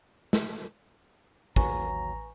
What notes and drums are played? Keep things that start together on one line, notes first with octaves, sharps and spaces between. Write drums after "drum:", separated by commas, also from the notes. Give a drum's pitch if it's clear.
drum: snare
A1 D#2 F#3 B4 G#5 A#5 C#6, drum: kick